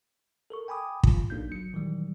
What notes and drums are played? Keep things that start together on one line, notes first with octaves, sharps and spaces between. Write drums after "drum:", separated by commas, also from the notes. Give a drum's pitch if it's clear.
A4 A#4 C#6
G5 G#5 B5 D6 D#6
F4, drum: kick
B1 A#3 D4 D#4 G6
G1 F#3 C#7
A#2 D#3 E3 F#3 G3